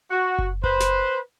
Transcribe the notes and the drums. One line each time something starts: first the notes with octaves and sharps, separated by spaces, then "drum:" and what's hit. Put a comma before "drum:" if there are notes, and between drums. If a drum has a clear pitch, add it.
F#4
drum: kick F#1
B4 C5, drum: kick F#1
drum: snare